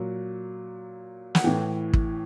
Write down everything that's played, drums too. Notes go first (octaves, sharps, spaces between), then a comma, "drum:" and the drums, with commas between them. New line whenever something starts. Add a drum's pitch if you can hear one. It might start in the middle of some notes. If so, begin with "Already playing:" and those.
Already playing: A#2 F#3
F#5, drum: snare
A2 E3 G5
drum: kick